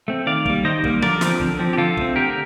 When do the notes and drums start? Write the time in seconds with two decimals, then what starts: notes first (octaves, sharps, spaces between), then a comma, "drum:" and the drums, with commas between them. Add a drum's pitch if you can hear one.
0.08 A3 C4
0.27 D#3 D5 F5
0.46 G3 A#3, drum: kick
0.64 D#3 C5 D#5
0.84 G3 A#3, drum: kick
1.02 D3 A#4 D5, drum: tom E3
1.21 F3 C4, drum: snare
1.40 D3, drum: kick
1.59 F3 C4
1.73 G4
1.78 D3 F4 A4
1.97 A3 C4, drum: kick
2.16 D3 G4 A#4